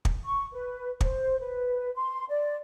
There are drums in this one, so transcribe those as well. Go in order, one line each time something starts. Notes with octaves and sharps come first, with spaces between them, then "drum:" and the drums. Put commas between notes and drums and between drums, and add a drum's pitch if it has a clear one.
drum: kick
C#6
B4
C5, drum: kick
B4
C6
D5